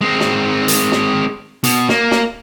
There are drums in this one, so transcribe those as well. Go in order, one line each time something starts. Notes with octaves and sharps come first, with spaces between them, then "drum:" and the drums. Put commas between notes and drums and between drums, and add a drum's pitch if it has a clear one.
G#3 C4
drum: snare
drum: hi-hat
drum: snare
B2, drum: hi-hat
A#3, drum: snare
drum: snare